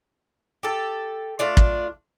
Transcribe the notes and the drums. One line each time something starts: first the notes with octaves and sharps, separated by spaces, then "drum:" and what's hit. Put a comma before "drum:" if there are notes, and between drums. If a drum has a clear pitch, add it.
G4 A4
A3 D4 F4 D5
drum: kick